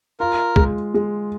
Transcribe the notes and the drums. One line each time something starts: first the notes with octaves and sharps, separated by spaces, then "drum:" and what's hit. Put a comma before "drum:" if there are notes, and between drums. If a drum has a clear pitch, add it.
F4 A#4
G#3, drum: kick
G#3